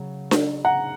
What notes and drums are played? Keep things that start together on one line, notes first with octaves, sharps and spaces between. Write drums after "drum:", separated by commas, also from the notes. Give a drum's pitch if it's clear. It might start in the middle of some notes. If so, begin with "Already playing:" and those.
Already playing: C#3 F#3
drum: snare D4
F#5 A#5